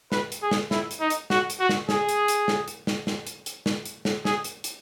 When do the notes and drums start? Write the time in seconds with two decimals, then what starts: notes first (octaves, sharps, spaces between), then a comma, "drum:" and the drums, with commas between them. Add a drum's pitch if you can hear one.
0.12 B4, drum: snare
0.32 drum: hi-hat
0.42 G#4
0.51 drum: snare
0.71 E4, drum: snare
0.91 drum: hi-hat
1.01 D#4
1.10 drum: hi-hat
1.30 F#4, drum: snare
1.50 drum: hi-hat
1.60 F#4
1.69 drum: snare
1.89 G#4, drum: snare
2.09 drum: hi-hat
2.28 drum: hi-hat
2.48 drum: snare
2.68 drum: hi-hat
2.87 drum: snare
3.07 drum: snare
3.27 drum: hi-hat
3.46 drum: hi-hat
3.66 drum: snare
3.86 drum: hi-hat
4.05 drum: snare
4.25 G#4, drum: snare
4.44 drum: hi-hat
4.64 drum: hi-hat